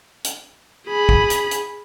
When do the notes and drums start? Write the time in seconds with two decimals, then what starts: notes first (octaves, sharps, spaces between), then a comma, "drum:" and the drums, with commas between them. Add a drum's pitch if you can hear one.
0.24 drum: hi-hat
0.88 G#4 B5
1.09 drum: kick
1.30 drum: hi-hat
1.51 drum: hi-hat